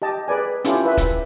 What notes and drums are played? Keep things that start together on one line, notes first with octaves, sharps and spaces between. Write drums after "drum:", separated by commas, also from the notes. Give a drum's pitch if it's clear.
G4 D#5 A5
G#4 B4 D5 G#5
C#4 E4 F4 G4 A4, drum: hi-hat
B4 E5
drum: kick, hi-hat